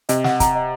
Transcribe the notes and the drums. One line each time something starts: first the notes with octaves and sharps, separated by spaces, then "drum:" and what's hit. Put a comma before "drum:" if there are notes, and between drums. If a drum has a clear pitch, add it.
C3 D#5, drum: hi-hat
F#5, drum: snare
A#5, drum: kick, hi-hat
D#5